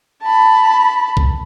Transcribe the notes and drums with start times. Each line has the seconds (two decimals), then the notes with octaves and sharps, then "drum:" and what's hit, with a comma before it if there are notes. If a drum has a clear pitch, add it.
0.22 A5 B5
1.17 drum: kick C2